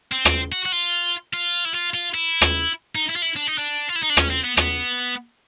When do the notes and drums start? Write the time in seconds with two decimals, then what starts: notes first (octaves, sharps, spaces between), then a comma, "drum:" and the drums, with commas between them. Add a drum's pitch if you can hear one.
0.12 C4
0.25 drum: rim click
0.52 F#4
0.66 F#4
0.72 F4
1.33 F4
1.65 E4
1.74 F4
1.94 F4
2.15 E4
2.41 drum: rim click
2.95 D#4
3.09 E4
3.16 F4
3.22 E4
3.36 D4
3.47 D#4
3.58 D4
3.89 F4
3.96 E4
4.03 D#4
4.10 D4
4.17 C#4, drum: rim click
4.30 C4
4.44 B3
4.57 B3, drum: rim click